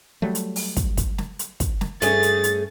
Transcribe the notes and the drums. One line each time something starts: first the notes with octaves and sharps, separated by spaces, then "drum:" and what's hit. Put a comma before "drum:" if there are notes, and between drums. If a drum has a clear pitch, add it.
F#3 G3 A3
drum: hi-hat
drum: open hi-hat
drum: kick, hi-hat
drum: kick, hi-hat
drum: snare
drum: hi-hat
drum: kick, hi-hat
drum: snare
G2 A3 C#4 G#4 A6, drum: hi-hat
drum: hi-hat
drum: hi-hat